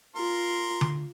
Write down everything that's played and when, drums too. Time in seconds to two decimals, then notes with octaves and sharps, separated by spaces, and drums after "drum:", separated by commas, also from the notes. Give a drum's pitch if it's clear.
0.16 F4 A#4 C6
0.81 drum: tom D3